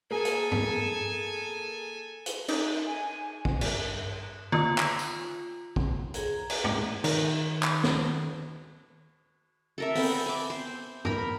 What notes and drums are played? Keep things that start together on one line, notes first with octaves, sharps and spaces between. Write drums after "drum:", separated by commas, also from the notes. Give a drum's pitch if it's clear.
A#3 G#4 A4 G#5
drum: hi-hat
drum: tom G2
drum: hi-hat
D#4 D5, drum: cymbal
G#5
drum: kick
G2, drum: cymbal
F4, drum: tom D3
drum: clap
drum: tambourine
drum: kick
G#4 A#5, drum: hi-hat
drum: cymbal
drum: tom G2
D#3, drum: cymbal
drum: clap
drum: snare
A4 A#4 E5
B3 C4, drum: open hi-hat
G#5 D6
C5
A#4 B5, drum: tom G2